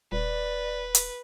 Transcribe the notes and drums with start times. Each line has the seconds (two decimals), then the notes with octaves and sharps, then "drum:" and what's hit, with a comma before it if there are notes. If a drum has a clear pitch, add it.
0.12 D#1 B4 D5
0.95 drum: hi-hat